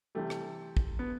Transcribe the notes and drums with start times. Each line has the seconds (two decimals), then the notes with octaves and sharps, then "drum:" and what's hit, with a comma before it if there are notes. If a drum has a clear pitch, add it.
0.15 C3 E3 G3 A3
0.30 drum: rim click
0.77 drum: kick
0.99 B3